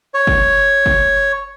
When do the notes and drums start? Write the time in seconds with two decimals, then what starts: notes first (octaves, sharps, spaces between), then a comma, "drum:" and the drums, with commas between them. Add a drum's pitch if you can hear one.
0.14 C#5
0.27 drum: kick F#1
0.86 drum: kick F#1